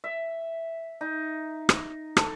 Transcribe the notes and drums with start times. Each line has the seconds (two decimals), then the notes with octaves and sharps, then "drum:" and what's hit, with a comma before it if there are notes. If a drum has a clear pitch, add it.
0.04 E5
1.01 D#4
1.69 drum: rim click
2.17 A4, drum: rim click